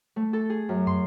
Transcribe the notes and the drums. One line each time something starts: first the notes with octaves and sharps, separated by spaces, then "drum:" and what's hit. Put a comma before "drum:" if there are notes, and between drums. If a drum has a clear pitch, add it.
A3
A4
G#4
F#2
C6, drum: tom